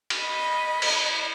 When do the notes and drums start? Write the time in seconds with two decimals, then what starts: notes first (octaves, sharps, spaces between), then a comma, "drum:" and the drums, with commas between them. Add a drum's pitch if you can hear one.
0.10 drum: cymbal
0.20 D#5 B5
0.82 drum: cymbal